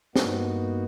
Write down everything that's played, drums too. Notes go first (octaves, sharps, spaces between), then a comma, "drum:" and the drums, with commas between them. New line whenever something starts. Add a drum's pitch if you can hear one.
G2 A#3 B3 D#4 F#4, drum: snare